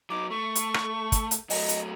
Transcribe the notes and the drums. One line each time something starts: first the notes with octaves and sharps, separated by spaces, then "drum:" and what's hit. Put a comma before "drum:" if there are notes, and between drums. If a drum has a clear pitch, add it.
F#3 D#4 D6
A3 C#6
drum: hi-hat
drum: rim click
drum: kick, hi-hat
drum: hi-hat
F#3 A3 D#5, drum: open hi-hat
drum: hi-hat